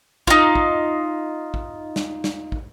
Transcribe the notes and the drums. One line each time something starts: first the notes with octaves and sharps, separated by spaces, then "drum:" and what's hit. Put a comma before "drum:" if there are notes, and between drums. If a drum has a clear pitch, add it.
D#4 F4, drum: kick
drum: kick
drum: kick
drum: snare
drum: snare
drum: kick